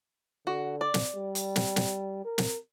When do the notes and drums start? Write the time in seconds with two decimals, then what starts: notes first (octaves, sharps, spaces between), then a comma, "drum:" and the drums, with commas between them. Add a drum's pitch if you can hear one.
0.47 D3 F#4
0.81 D5
0.94 drum: snare
1.14 G3
1.35 drum: hi-hat
1.56 drum: snare
1.76 drum: snare
2.25 A#4
2.38 drum: snare